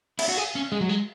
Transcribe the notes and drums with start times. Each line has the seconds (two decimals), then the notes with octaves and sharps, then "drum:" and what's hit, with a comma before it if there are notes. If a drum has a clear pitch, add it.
0.19 E4, drum: cymbal
0.28 F#4
0.37 G#4
0.55 C#4
0.72 G#3
0.81 F#3
0.89 G#3